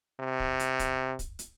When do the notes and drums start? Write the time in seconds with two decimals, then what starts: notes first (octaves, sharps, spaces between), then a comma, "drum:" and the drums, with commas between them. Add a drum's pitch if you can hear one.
0.20 C3
0.40 drum: kick
0.60 drum: hi-hat
0.79 drum: kick, hi-hat
1.19 drum: kick, hi-hat
1.39 drum: hi-hat